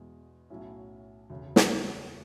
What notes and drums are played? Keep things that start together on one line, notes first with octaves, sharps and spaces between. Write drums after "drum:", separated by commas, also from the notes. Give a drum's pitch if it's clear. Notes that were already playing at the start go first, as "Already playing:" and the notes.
Already playing: E2 B2 G#3
B1 A2 F#3 C#4 E4
E1 D2 C#3
drum: snare